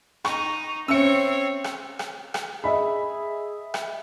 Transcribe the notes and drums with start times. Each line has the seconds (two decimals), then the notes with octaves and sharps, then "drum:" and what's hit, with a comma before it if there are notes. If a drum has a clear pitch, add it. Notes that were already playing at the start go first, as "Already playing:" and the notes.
0.25 D#4 C#6, drum: rim click
0.88 C4 C#4 C#5 E5 E6 C#7
1.64 drum: rim click
1.99 drum: rim click
2.34 drum: rim click
2.64 G#4 D#5 E5 B5
3.74 drum: rim click